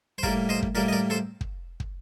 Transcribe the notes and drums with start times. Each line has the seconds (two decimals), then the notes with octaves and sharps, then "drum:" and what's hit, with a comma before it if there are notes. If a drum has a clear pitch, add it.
0.18 C5
0.23 A2 G3 A#3 A#4 D5, drum: kick
0.49 C5 D#5
0.62 drum: kick
0.75 A2 G3 A#3 A#4 D5
0.88 D#5
0.93 A#4 D5
1.10 A4 C5
1.41 drum: kick
1.80 drum: kick